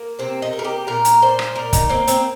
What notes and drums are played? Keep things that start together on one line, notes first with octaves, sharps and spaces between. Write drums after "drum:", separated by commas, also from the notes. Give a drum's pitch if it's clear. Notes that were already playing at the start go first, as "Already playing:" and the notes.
Already playing: A#3
C3 C4
D#4
A#3
A#4
G4
A#2 A#4
drum: hi-hat
A#2 C5
drum: rim click
A#2 A#4
D#4, drum: kick, hi-hat
A#3 C4
C4, drum: hi-hat